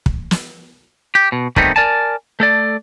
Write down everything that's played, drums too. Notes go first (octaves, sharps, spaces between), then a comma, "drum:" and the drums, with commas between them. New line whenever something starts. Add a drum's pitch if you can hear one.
drum: kick
drum: snare
G4
B2
D#3 G3 A3 B3 C4 D#4, drum: kick
A#4 D5 G#5 A5
A3 A4 D5